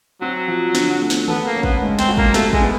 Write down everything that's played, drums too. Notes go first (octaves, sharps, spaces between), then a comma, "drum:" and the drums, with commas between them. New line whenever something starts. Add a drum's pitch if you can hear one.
F#3 C4
F3
D3, drum: snare
A3
drum: snare
B3 A4, drum: tom D#3
A#3
C#4
B3, drum: kick
G#3
C4, drum: snare
F#4
A#3, drum: kick
A3 G4, drum: snare
G#3, drum: kick
B3